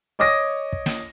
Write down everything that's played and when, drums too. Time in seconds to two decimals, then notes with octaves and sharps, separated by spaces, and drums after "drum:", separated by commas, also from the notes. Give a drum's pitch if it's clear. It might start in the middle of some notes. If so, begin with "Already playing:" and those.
0.19 C#5 D#5 D6 D#6 A#6
0.73 drum: kick
0.86 drum: snare